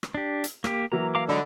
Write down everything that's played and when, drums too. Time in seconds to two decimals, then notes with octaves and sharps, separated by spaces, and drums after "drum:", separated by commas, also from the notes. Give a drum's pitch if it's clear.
0.03 drum: rim click
0.14 D4 G4
0.44 drum: hi-hat
0.64 A#3 G4, drum: rim click
0.92 E3 F#3 A#3 A#5
1.15 F5 A#5 D6
1.29 D3 F#3 G#3 D#4 D#5 B5